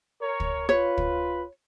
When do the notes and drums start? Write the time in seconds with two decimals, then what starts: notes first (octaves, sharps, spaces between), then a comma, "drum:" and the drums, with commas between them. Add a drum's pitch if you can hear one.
0.22 A#4 C#5
0.40 drum: kick
0.69 F4 B4 C#5
0.98 drum: kick